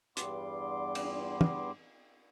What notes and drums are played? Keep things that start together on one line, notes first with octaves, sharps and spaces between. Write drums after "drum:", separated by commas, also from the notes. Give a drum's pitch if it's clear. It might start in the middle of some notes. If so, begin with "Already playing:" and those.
E2 G2 G3 B3 C6 D6, drum: hi-hat
drum: cymbal
drum: tom